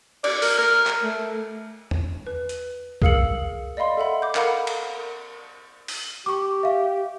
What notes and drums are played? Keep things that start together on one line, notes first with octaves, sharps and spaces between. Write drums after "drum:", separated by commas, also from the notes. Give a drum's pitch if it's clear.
D5, drum: cymbal
A#4, drum: open hi-hat
A#4
drum: clap
A3
drum: tom E2
B4
drum: hi-hat
G#4 A#4 F5 E6 C#7 F#7, drum: kick C2
D5 D#5 F5 B5 C6
A4 E5 F#5 B5
D6 G6
A4 A#4 F5 F#5 A#5 B5, drum: clap
drum: cymbal
drum: open hi-hat
G4 C#6 D6
E5 F5